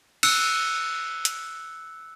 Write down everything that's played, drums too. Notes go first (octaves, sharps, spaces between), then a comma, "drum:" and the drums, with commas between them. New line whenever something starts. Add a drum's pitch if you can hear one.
E6 F#6 C#7, drum: cymbal
drum: hi-hat